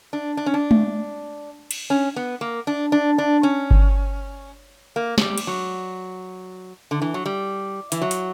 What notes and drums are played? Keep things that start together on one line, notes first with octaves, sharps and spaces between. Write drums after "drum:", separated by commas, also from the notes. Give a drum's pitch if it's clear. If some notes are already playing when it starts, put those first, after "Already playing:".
D4
D4
C#4
D4
drum: tom G#3
drum: cymbal
C#4
B3
A#3
D4
D4
D4
C#4
drum: kick G1
A#3
F#3, drum: snare
G3
drum: cymbal
F#3
D3
E3
F#3
G3
E3, drum: hi-hat
F#3
drum: hi-hat